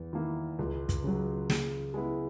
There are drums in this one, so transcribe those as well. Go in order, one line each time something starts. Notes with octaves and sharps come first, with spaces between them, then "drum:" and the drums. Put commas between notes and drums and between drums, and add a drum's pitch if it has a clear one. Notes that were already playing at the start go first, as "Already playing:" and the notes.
Already playing: E2
D#3 A#3 E4
C#2
drum: kick, hi-hat
C#3 F#3
C#3, drum: snare
G#3 B3 E4